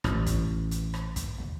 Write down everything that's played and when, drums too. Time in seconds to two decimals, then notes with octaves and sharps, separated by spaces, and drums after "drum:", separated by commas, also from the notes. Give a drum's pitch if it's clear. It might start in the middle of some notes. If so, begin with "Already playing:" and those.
0.04 A1, drum: rim click
0.26 drum: kick, hi-hat
0.71 drum: hi-hat
0.94 drum: rim click
1.16 drum: kick, hi-hat
1.38 drum: tom